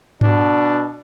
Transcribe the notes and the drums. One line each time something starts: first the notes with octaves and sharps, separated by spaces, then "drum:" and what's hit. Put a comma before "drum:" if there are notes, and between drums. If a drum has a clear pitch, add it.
B2 D4, drum: tom G#2